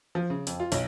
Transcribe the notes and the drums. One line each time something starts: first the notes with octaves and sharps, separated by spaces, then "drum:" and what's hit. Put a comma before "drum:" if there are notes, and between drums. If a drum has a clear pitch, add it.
F3
C#3
F2, drum: open hi-hat
F4
B1, drum: open hi-hat